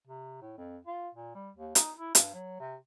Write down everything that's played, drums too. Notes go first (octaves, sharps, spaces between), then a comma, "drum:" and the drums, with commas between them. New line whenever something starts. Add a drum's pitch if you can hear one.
C3
A2
F2
F4
A#2
G3
D#2
D#4, drum: hi-hat
E4
G2, drum: hi-hat
F#3
C3